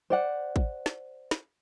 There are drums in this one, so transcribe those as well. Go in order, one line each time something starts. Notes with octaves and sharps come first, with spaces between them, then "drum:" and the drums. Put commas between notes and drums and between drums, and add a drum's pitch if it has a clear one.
C5 D5 F#5
drum: kick
drum: snare
drum: snare